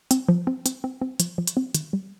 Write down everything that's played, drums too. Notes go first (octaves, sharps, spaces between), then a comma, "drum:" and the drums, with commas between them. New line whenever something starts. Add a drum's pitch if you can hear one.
C4, drum: hi-hat
F3
C4
C4, drum: hi-hat
C4
C4
F3, drum: hi-hat
F3
drum: hi-hat
C4
D#3, drum: hi-hat
G3